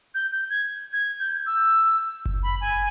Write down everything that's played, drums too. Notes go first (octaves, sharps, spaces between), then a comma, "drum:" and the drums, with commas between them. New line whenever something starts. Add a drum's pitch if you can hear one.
G6
G6
G#6
G#6
G6
E6
drum: kick F#1
B5
G#5